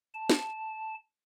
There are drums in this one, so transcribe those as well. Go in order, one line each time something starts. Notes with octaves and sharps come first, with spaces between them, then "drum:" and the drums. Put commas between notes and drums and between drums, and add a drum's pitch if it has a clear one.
A5
drum: snare